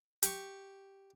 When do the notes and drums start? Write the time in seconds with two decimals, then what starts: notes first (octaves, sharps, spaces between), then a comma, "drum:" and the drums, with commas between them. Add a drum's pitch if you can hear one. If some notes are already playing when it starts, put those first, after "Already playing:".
0.23 G4 C#6, drum: hi-hat